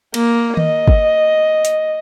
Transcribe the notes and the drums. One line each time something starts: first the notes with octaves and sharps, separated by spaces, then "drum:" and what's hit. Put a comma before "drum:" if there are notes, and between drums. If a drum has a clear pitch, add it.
A#3, drum: cymbal
D#5, drum: tom D#3
drum: kick
drum: hi-hat